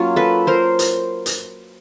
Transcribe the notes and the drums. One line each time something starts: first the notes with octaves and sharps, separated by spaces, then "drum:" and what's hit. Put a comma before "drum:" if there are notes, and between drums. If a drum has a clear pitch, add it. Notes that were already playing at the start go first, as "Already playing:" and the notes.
Already playing: F#3 A#3 C#4 F4
A4 B4
A#4 C5
drum: hi-hat
drum: hi-hat